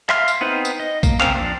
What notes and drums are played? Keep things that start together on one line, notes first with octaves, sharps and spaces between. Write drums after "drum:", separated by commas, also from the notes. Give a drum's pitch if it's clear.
E5 F5 C6 F6, drum: clap
drum: tambourine
B3 C4 D#4 B4 C5
drum: tambourine
D#5
A#3, drum: kick, tambourine
C#3 A#3 C4 F5, drum: clap
F3 D4